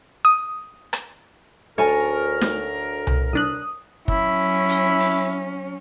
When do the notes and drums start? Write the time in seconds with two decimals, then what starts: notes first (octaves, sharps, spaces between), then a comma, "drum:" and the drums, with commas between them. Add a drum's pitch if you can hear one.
0.25 D#6
0.93 drum: rim click
1.78 D2 A3 A4 A#4 C#5 G#5
2.41 drum: snare
3.07 drum: tom C2
3.33 C2 D4 D#6 F#6
4.08 F#3 C#4 E4, drum: kick
4.69 drum: hi-hat
4.99 drum: open hi-hat